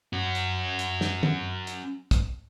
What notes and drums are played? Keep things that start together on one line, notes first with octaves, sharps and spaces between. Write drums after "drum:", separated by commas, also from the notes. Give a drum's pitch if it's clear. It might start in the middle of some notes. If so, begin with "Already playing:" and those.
C#4 F#4
drum: hi-hat
drum: hi-hat
drum: snare
drum: tom
drum: hi-hat
drum: kick, hi-hat